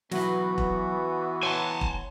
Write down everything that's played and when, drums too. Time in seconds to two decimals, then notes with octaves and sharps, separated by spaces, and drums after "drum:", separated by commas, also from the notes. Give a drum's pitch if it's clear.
0.11 E3 F#3 B3 F#4 B4, drum: snare
0.58 drum: kick E1
1.43 C#5 F#5 G#5 A5 C6
1.81 drum: kick E1